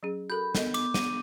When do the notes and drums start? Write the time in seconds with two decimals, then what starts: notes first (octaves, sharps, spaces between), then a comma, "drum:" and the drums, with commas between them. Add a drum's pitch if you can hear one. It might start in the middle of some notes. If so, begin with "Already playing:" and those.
0.03 F#3 C#4 G#4
0.30 F#4 A4 A#4 B5 G6
0.55 B3 A4 A#4 D#5, drum: snare
0.74 D6, drum: cymbal
0.94 D#7, drum: snare